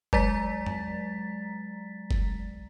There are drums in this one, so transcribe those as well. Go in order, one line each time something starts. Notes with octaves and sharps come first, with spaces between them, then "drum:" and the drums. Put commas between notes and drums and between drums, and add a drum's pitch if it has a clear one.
F#3 G#3 D5 A#5 A6 B6, drum: kick F#1
drum: tom
drum: kick F#1